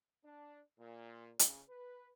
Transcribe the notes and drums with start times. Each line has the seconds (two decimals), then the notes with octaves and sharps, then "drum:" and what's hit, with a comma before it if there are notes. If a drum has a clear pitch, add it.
0.25 D4
0.79 A#2
1.39 C#3, drum: hi-hat
1.68 B4